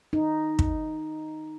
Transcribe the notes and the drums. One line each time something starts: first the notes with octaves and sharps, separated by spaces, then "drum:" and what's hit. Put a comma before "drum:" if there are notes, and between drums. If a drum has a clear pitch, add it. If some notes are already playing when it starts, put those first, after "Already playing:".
D#4
drum: kick